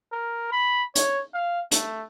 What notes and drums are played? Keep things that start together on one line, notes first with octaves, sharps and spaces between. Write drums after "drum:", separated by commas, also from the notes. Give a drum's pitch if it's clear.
A#4
B5
C#5, drum: hi-hat
F5
A3, drum: hi-hat